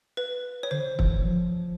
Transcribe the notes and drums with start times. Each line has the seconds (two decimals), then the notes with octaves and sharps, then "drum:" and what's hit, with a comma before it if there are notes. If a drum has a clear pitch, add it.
0.17 B4
0.63 C#5
0.71 D3 C5
0.99 E3, drum: kick
1.25 F3